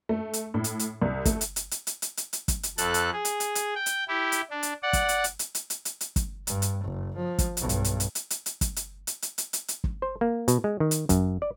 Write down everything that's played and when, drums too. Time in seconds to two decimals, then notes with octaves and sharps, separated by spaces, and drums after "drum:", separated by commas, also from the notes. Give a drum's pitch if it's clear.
0.09 A3
0.33 drum: hi-hat
0.54 A2
0.64 drum: hi-hat
0.79 drum: hi-hat
1.02 C2
1.25 A3, drum: kick, hi-hat
1.41 drum: hi-hat
1.56 drum: hi-hat
1.71 drum: hi-hat
1.87 drum: hi-hat
2.02 drum: hi-hat
2.17 drum: hi-hat
2.33 drum: hi-hat
2.48 drum: kick, hi-hat
2.63 drum: hi-hat
2.78 F2 A4 F#6, drum: hi-hat
2.94 drum: hi-hat
3.13 G#4
3.25 drum: hi-hat
3.40 drum: hi-hat
3.55 drum: hi-hat
3.75 G5
3.86 drum: hi-hat
4.08 E4 G4
4.32 drum: hi-hat
4.51 D4
4.63 drum: hi-hat
4.83 D5 F#5
4.93 drum: kick, hi-hat
5.09 drum: hi-hat
5.24 drum: hi-hat
5.39 drum: hi-hat
5.55 drum: hi-hat
5.70 drum: hi-hat
5.85 drum: hi-hat
6.01 drum: hi-hat
6.16 drum: kick, hi-hat
6.47 G2, drum: hi-hat
6.62 drum: hi-hat
6.85 F#1
7.16 F3
7.39 drum: kick, hi-hat
7.57 B1 G2, drum: hi-hat
7.69 drum: hi-hat
7.84 drum: hi-hat
8.00 drum: hi-hat
8.15 drum: hi-hat
8.30 drum: hi-hat
8.46 drum: hi-hat
8.61 drum: kick, hi-hat
8.76 drum: hi-hat
9.07 drum: hi-hat
9.22 drum: hi-hat
9.38 drum: hi-hat
9.53 drum: hi-hat
9.68 drum: hi-hat
9.84 drum: kick
10.02 C5
10.21 A#3
10.48 B2, drum: hi-hat
10.64 G#3
10.80 D#3
10.91 drum: hi-hat
11.09 F#2, drum: kick, hi-hat
11.42 D5